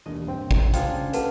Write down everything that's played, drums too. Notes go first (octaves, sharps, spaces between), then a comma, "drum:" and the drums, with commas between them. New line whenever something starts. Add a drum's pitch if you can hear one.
E1 D#2 D3 D#5
D#1 G2 C4 G5
drum: kick
C#2 D4 F4 G#4 C5 G5, drum: hi-hat
C#3
A3 C#4 G4 B4 F#5 A5, drum: hi-hat